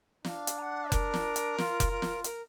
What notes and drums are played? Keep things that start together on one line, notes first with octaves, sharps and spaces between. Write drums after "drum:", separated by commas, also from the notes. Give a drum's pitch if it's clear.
D4 F5, drum: snare
drum: hi-hat
A#5
F#5
A#4, drum: kick F1, hi-hat
drum: snare
drum: hi-hat
F4, drum: snare
drum: kick F1, hi-hat
F4
drum: snare
A#4, drum: hi-hat